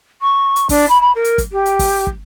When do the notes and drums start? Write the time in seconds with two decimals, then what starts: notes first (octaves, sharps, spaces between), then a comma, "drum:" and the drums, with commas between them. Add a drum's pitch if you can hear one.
0.21 C#6
0.56 drum: hi-hat
0.69 D4, drum: kick, open hi-hat
0.89 B5
1.00 B5
1.15 A#4
1.24 drum: hi-hat
1.38 drum: kick, hi-hat
1.52 G4
1.66 drum: hi-hat
1.79 drum: kick, open hi-hat
2.07 drum: kick